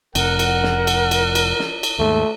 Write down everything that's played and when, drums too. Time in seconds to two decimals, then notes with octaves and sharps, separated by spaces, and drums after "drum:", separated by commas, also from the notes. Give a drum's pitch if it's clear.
0.15 F1 F2 A#4 F#5, drum: cymbal
0.39 drum: cymbal
0.63 drum: snare
0.87 drum: cymbal
1.11 drum: cymbal
1.35 drum: cymbal
1.59 drum: snare
1.83 drum: cymbal
1.99 D#2 G#2 A3